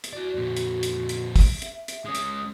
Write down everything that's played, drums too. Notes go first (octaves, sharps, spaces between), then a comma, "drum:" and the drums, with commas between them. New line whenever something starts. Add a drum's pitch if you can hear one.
drum: hi-hat
E4 F#4 D5
F2 A#2
drum: hi-hat
drum: hi-hat
drum: hi-hat
drum: kick, open hi-hat
E5, drum: hi-hat
drum: hi-hat
G#3 C#4 D#6
drum: hi-hat